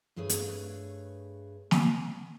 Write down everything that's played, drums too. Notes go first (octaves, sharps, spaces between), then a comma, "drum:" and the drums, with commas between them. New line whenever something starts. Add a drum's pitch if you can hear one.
G2 A3 G#4 B4 C#5
drum: hi-hat
drum: snare